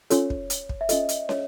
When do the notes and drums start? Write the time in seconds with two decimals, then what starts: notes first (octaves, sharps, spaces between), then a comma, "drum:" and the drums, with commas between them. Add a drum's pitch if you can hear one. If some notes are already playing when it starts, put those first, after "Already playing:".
0.10 C#4 F4 A4 C#5, drum: hi-hat
0.30 drum: kick
0.50 drum: hi-hat
0.69 drum: kick
0.81 E5
0.89 C#4 F4 A4 D#5, drum: hi-hat
1.09 drum: hi-hat
1.29 C#5, drum: snare